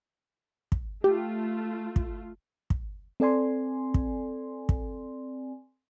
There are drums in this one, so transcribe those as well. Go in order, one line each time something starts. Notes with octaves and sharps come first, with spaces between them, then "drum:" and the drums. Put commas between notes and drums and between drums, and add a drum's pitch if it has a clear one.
drum: kick
A3 F4 G4
drum: kick
drum: kick
C4 A4 D5 G#5 C6
drum: kick
drum: kick